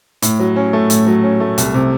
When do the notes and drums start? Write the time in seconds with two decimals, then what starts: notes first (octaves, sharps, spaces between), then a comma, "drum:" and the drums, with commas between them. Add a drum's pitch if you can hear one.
0.22 A2, drum: hi-hat
0.39 F#3
0.56 C#4
0.73 A3
0.90 A2, drum: hi-hat
1.07 F#3
1.23 C#4
1.40 A3
1.58 C2, drum: hi-hat
1.74 C3